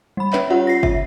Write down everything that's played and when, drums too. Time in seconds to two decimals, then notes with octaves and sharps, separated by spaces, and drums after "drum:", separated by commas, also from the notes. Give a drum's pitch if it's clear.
0.17 G3 B5
0.33 C#4 B4 C#5 E5, drum: clap
0.50 F4 G4 C#5 F#5
0.67 A#6 C7
0.83 E5, drum: kick F#1